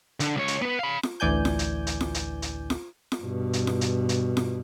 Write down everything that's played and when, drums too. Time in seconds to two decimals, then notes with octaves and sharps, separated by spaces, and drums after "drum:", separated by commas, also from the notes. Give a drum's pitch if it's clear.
0.20 D3, drum: hi-hat
0.37 C#2 C#5
0.48 drum: hi-hat
0.62 B3 B4
0.79 F5 B5
1.03 drum: snare F4
1.20 A1 D2 E3 D5 G#5 G6
1.45 drum: snare F4
1.59 drum: hi-hat
1.87 drum: hi-hat
2.01 drum: snare F4
2.14 drum: hi-hat
2.42 drum: hi-hat
2.70 drum: snare F4
3.12 drum: snare F4
3.21 G2 B2
3.53 drum: hi-hat
3.67 drum: snare F4
3.81 drum: hi-hat
4.09 drum: hi-hat
4.37 drum: snare F4